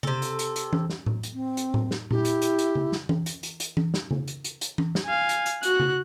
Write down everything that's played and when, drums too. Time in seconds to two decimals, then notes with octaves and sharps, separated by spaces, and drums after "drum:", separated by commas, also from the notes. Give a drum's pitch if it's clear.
0.03 C3 A4, drum: tom C#3
0.22 drum: hi-hat
0.39 drum: hi-hat
0.56 drum: hi-hat
0.73 drum: tom E3
0.90 drum: snare
1.06 drum: tom A2
1.23 drum: hi-hat
1.34 C4
1.57 drum: hi-hat
1.74 drum: tom A2
1.91 drum: snare
2.11 E4 G4, drum: tom A#2
2.25 drum: hi-hat
2.42 drum: hi-hat
2.59 drum: hi-hat
2.75 drum: tom C#3
2.92 drum: snare
3.09 drum: tom E3
3.26 drum: hi-hat
3.43 drum: hi-hat
3.60 drum: hi-hat
3.77 drum: tom E3
3.94 drum: snare
4.11 drum: tom C#3
4.28 drum: hi-hat
4.44 drum: hi-hat
4.61 drum: hi-hat
4.78 drum: tom E3
4.95 drum: snare
5.06 F5 G#5
5.29 drum: hi-hat
5.46 drum: hi-hat
5.63 F#4 F#6, drum: hi-hat
5.80 drum: tom C#3